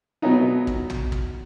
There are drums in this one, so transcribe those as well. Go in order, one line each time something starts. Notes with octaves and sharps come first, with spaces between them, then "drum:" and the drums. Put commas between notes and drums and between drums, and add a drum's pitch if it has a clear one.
B2 F#3 B3 D#4
drum: kick
drum: tom
drum: kick